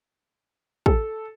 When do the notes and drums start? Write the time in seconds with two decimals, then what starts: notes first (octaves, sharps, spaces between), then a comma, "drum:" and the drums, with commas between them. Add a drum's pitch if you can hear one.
0.86 A4, drum: kick